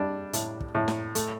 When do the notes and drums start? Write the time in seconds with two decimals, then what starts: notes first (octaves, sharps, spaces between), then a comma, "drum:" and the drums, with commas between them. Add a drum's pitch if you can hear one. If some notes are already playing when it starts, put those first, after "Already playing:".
Already playing: G3 D4
0.33 A2, drum: hi-hat
0.60 drum: kick
0.75 A2
0.88 drum: snare
1.15 A3, drum: hi-hat